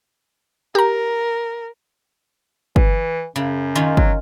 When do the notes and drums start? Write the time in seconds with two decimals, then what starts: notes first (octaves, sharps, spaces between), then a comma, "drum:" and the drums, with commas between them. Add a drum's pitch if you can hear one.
0.75 G4 A#4 A#5
2.76 E3, drum: kick
3.36 F#2 C#3
3.75 D#3 C#4 F4
3.97 F#3, drum: kick